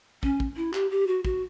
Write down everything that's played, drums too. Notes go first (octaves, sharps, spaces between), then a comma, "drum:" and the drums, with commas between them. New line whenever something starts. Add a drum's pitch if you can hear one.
C#4, drum: kick
drum: kick
E4
G4, drum: clap
G4
F#4
F#4, drum: kick